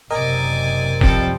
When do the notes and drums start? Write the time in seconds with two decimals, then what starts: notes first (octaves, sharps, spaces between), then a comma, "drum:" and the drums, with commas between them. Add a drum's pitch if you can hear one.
0.10 F#1 C3 A#4 D5 D#5 G#5
1.01 F3 G3 C4 A4 D5, drum: kick